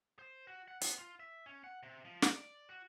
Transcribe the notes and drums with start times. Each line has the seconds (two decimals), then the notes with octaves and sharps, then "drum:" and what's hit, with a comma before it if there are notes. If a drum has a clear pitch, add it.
0.19 C5
0.47 F#4
0.68 F#5
0.81 B3, drum: hi-hat
0.99 F4
1.20 E5
1.46 C#4
1.64 F#5
1.83 C3
2.05 F3
2.22 drum: snare
2.36 D5
2.69 F#4